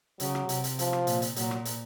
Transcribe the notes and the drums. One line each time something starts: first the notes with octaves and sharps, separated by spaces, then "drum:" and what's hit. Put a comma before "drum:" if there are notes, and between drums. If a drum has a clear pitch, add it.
C#3 F#3, drum: hi-hat
drum: rim click
C3, drum: hi-hat
drum: hi-hat
F3, drum: hi-hat
drum: rim click
A#2, drum: hi-hat
drum: hi-hat
A#2 F#3, drum: hi-hat
drum: rim click
drum: hi-hat